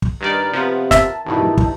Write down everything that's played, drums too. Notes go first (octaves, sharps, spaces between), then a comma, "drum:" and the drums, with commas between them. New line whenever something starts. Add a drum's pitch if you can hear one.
drum: kick
G2 D#3 B4 D5 A#5 F6
C3 F3 B3
A#4 E5 A5, drum: snare
A1 G2 B2 D#3 D#4 E4 A5
drum: kick